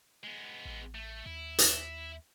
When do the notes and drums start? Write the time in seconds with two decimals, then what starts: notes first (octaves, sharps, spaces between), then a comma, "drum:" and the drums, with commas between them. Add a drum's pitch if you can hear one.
0.24 G#3 B3
0.65 A1
0.95 A3
1.26 D#2 E4
1.58 drum: hi-hat